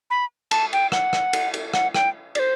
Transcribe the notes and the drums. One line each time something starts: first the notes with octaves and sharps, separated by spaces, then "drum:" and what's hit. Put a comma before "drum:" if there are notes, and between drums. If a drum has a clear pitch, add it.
B5
A5, drum: cymbal
G5, drum: cymbal
F#5, drum: rim click
drum: rim click
drum: cymbal
drum: cymbal
F#5, drum: rim click
G5, drum: rim click
D5, drum: cymbal
C5